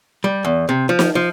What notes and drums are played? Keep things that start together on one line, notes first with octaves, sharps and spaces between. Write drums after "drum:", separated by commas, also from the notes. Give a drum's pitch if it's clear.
G3
E2
C3
F3
drum: snare
F3